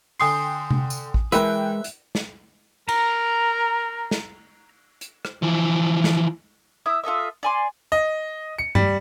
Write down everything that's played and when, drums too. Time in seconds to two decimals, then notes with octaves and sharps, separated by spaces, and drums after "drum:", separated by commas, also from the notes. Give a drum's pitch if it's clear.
0.20 D3 G5 G#5 C6 D#6 C7, drum: open hi-hat
0.71 drum: tom C3
0.90 drum: tambourine
1.14 drum: kick A1
1.32 E3 G#3 A#4 B4 E5 G5 F#6, drum: hi-hat
1.84 drum: hi-hat
2.15 drum: snare
2.89 A#4 A#5, drum: cymbal
4.11 drum: snare
5.01 drum: hi-hat
5.25 drum: rim click
5.42 E3 F3
6.04 drum: snare
6.86 E4 E5 D#6
7.04 F4 A4 D#5 E5
7.43 D5 G#5 C6
7.92 D#5
8.59 C#7
8.75 G3, drum: tom G2